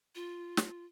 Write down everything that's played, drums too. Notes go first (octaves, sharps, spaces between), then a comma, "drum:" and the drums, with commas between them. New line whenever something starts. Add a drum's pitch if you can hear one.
F4
drum: snare